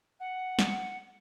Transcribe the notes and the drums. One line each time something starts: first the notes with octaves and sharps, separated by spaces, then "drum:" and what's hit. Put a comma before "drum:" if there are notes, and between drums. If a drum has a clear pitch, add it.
F#5
drum: snare